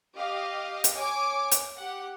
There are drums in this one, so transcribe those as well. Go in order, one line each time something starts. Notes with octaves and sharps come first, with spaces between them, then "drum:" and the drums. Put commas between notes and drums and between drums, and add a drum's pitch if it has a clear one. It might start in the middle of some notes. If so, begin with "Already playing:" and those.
G4 D#5 F5
drum: hi-hat
C#5 G#5 D6
drum: hi-hat
G4 F#5